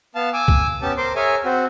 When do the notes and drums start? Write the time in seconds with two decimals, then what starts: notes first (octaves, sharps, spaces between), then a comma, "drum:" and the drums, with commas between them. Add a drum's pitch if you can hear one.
0.15 B3 F5 A5
0.33 G#5 D6 E6
0.48 drum: kick
0.82 B3 C#4 G4 A5
0.97 A#4 C5 C6 D6
1.16 G#4 A#4 C#5 E5 G#5
1.44 C4 F#4